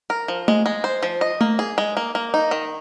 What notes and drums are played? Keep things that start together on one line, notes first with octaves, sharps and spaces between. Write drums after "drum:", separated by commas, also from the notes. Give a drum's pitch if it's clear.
A#4
F3
G#3, drum: tom A3
G#3
C5
F3
D#5
A#3, drum: tom A3
G#4
G#3
A#3
A#3
D#4
D#3